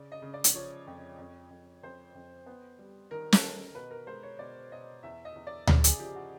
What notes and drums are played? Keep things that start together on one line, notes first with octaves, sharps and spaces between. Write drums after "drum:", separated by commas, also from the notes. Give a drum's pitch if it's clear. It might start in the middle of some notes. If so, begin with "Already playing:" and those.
Already playing: C#3 D5
D#5
C#3
D5
drum: hi-hat
F3 C#5
F2
F2
F2
F2 C5
F2
B3
G3
D#3 A#4
A4, drum: snare
D#3
B2 B4
A#4
G#3 C5
C#5
B2 D5
B2 D#5
E2 E5
D#5
E2
D5
C#3 D5, drum: tom D2
G#4, drum: hi-hat
F3 G4
F#4